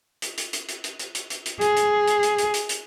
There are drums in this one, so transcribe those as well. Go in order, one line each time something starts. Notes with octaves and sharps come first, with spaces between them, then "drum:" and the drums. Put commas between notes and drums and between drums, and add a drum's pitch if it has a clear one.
drum: hi-hat
drum: hi-hat
drum: hi-hat
drum: hi-hat
drum: hi-hat
drum: hi-hat
drum: hi-hat
drum: hi-hat
drum: hi-hat
G#4, drum: hi-hat
drum: hi-hat
drum: hi-hat
drum: hi-hat
drum: hi-hat
drum: hi-hat
drum: hi-hat